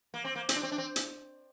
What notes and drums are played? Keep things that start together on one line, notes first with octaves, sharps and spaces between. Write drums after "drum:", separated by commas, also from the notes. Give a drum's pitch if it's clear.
A#3
C4
A#3
C4, drum: hi-hat
D4
C4
D4
C4
drum: hi-hat